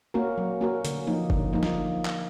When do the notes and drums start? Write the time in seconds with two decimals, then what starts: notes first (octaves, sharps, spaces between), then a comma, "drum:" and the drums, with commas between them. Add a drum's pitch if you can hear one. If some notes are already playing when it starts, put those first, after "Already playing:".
0.14 A#3 C#4 F#4 A#4
0.38 F#3
0.61 A#3 C#4 F#4 A#4
0.85 D3, drum: hi-hat
1.07 F3 A#3 D#4
1.30 D3, drum: kick G1
1.53 F3 A#3 D#4
1.63 drum: snare
2.05 drum: clap